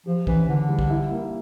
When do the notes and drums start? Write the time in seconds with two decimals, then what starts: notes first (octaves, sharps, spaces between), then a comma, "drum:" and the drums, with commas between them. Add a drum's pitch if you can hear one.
0.06 F3 G4
0.27 E3 C#4, drum: kick
0.48 D3 E3
0.69 G3
0.79 drum: kick
0.90 E4
1.11 A#3